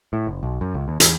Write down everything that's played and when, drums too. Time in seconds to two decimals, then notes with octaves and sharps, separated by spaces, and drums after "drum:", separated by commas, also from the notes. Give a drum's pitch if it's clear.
0.13 A2
0.27 F#1
0.43 B1
0.61 F#2
0.74 C#2
0.88 D#2
1.00 E2, drum: hi-hat